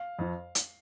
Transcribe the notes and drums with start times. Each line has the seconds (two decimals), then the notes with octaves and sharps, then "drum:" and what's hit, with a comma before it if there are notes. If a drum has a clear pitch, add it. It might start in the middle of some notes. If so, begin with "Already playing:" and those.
Already playing: F5
0.19 F2 F3
0.55 drum: hi-hat